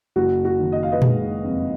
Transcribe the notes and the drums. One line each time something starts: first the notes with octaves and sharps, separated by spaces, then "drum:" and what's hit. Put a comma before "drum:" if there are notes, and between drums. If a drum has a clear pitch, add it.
F#1 F#4
F#4
D#3
D#5
F5
B4 D#5
G#3, drum: tom A#2
F2